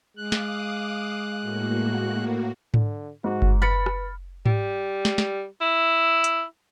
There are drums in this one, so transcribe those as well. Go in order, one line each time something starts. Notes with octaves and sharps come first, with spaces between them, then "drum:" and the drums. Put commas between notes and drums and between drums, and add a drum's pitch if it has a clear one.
G#3 F5 D6 D#6 F#6
drum: snare
A2 A#3 F#4
D3, drum: tom G#2
G#2 F#4
drum: kick F#1
B4 B5 F6 A6 C#7
drum: rim click
G3, drum: tom G#2
drum: snare
drum: snare
E4
drum: hi-hat